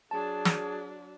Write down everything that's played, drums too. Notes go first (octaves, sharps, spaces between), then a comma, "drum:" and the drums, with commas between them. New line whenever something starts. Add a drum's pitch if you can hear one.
F#3 D4 G#4 A5
drum: snare